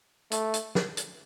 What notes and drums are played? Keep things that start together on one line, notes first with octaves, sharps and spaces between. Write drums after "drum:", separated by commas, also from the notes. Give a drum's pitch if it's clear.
A3, drum: hi-hat
drum: hi-hat
drum: snare
drum: hi-hat